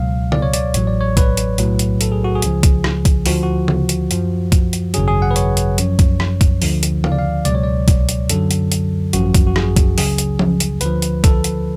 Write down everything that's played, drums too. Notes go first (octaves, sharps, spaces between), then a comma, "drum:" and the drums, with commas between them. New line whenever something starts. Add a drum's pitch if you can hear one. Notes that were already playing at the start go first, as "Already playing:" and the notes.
Already playing: C#2 B2 F#3 F5
D5, drum: tom C#3
C#5
D5, drum: hi-hat
A1 A2 F#3 C#5, drum: hi-hat
D5
C#5
B4, drum: kick B1, hi-hat
drum: hi-hat
B1 A2 F#3, drum: hi-hat
drum: hi-hat
A4, drum: hi-hat
G#4
F#4
G#4
C#2 C#3 F3, drum: hi-hat
drum: kick B1, hi-hat
drum: rim click
drum: kick B1, hi-hat
D2 D3 F3 F#4, drum: open hi-hat
F#4
drum: tom C#3
drum: hi-hat
F#2 F3, drum: hi-hat
drum: kick B1, hi-hat
drum: hi-hat
G#1 F#2 C#3 F#3 G#4, drum: hi-hat
G#4
F#5
B4
C#5, drum: hi-hat
drum: hi-hat
F#2 F3, drum: hi-hat
drum: kick B1, hi-hat
drum: rim click
drum: kick B1, hi-hat
D2 D3 F3, drum: open hi-hat
drum: hi-hat
F5, drum: tom C#3
D5
F5
C#2 B2 F#3 D5, drum: hi-hat
C#5
D5
drum: kick B1, hi-hat
drum: hi-hat
F#2 D3 F#3 A4, drum: hi-hat
drum: hi-hat
drum: hi-hat
G#1 F#2 F3 F#4, drum: hi-hat
drum: kick B1, hi-hat
F#4
G#4, drum: rim click
drum: kick B1, hi-hat
C#2 C#3 F#3 G#4, drum: open hi-hat
drum: hi-hat
drum: tom F3
drum: hi-hat
D2 D3 F3 B4, drum: hi-hat
drum: hi-hat
A4, drum: kick B1, hi-hat
drum: hi-hat